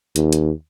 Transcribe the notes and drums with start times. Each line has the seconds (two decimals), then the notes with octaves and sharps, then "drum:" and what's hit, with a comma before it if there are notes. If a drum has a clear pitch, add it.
0.16 D#2, drum: hi-hat
0.33 drum: hi-hat